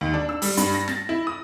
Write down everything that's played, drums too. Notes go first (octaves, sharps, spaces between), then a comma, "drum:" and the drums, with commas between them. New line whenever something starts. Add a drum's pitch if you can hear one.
D#2
D4
E6
G3, drum: open hi-hat
G2, drum: hi-hat
A#6
A6, drum: snare
E4
D#6